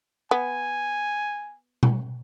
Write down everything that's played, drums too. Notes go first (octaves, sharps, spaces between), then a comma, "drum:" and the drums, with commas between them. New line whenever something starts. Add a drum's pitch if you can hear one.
B3 G#5
drum: tom B2